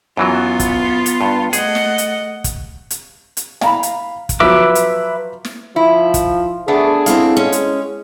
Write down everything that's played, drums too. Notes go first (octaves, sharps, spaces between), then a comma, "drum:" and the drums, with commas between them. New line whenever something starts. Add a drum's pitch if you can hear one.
F#2 E3 F#3 B3 F4
drum: kick, hi-hat
drum: hi-hat
G2
A3 G#4 D#5 F#5, drum: hi-hat
drum: snare
drum: hi-hat
drum: kick, hi-hat
drum: hi-hat
drum: hi-hat
F5 A#5 B5, drum: snare
drum: hi-hat
drum: kick, hi-hat
F3 F#3 B4 E5 D6
drum: hi-hat
drum: snare
F3 E4
drum: kick, hi-hat
A3 B3 D4 G#4
C4 E4 F5, drum: hi-hat
G#3 C#4
drum: hi-hat